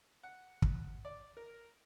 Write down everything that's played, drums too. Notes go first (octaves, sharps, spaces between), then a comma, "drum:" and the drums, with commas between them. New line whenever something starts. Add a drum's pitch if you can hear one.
F#5
drum: kick
D5
A#4